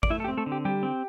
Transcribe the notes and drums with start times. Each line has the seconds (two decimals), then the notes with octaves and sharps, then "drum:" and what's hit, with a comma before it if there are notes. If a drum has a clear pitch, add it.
0.03 D5, drum: kick G#1
0.10 A3 E4 E5
0.20 A4
0.24 G4
0.28 C4
0.37 A3 A4
0.46 D3
0.52 G4
0.65 G3 G4
0.83 C4